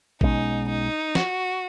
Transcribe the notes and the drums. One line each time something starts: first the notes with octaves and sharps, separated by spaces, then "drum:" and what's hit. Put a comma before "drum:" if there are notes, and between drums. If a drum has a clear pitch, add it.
B1 B2 G#3 C#4 D#4, drum: kick
D#4
F#4, drum: snare